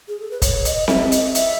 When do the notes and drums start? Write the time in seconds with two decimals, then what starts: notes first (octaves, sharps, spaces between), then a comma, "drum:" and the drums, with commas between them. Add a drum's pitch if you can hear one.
0.08 G#4
0.20 A4
0.31 B4
0.42 C#5, drum: kick, hi-hat
0.65 D#5, drum: hi-hat
0.88 E5, drum: snare C4
1.12 D#5, drum: hi-hat
1.35 E5, drum: hi-hat